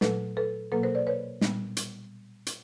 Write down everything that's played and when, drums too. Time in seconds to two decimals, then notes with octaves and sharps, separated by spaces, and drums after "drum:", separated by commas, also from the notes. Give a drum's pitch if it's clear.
0.01 A#2 F#3 A3 A4 B4, drum: snare
0.37 A4 B4
0.72 B2 F#3 A#3 A4 B4
0.83 A#4 C5
0.95 C5 D5
1.07 B4 C#5
1.41 A#2 G3 B3, drum: snare
1.77 drum: hi-hat
2.46 drum: hi-hat